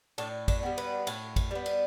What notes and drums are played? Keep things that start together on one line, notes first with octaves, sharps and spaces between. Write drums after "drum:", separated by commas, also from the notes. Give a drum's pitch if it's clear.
A2 D4, drum: cymbal
D4, drum: kick, cymbal
G3 B3
B4, drum: cymbal
A2, drum: cymbal
drum: kick, cymbal
G3 B3
drum: cymbal